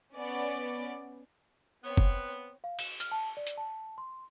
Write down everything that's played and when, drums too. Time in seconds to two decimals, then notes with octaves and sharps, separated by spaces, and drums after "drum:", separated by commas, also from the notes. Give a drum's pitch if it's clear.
0.16 B3 C#4 D5
1.84 B3 C4 C#5
1.97 drum: kick
2.64 F5
2.79 E7, drum: cymbal
3.00 F6, drum: hi-hat
3.12 A5
3.37 D5
3.47 drum: hi-hat
3.58 A5
3.98 C6